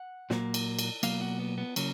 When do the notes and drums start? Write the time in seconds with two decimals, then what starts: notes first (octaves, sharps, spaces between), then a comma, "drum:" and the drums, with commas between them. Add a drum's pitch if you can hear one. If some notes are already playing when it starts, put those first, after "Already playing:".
Already playing: F#5
0.30 A#2 F#3 A#3, drum: snare
0.54 drum: cymbal
0.79 drum: cymbal
1.03 B2 F#3 A#3 F5, drum: cymbal
1.21 F#4
1.39 B3
1.58 B3
1.76 C#3 F#3 A#3 C#4, drum: cymbal